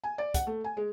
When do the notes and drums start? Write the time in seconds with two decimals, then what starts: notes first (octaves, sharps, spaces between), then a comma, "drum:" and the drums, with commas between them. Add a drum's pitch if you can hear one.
0.04 G#5
0.18 D5
0.34 F#5, drum: kick, hi-hat
0.47 A3
0.64 G#5
0.77 G#3